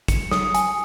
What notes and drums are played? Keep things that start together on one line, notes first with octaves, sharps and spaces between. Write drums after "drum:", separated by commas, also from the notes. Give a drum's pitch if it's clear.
C#7, drum: kick, hi-hat
D#6, drum: snare
G#5, drum: hi-hat